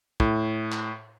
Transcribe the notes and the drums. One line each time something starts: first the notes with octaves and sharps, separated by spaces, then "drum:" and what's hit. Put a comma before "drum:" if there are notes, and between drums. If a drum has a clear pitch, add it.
A2, drum: kick
drum: clap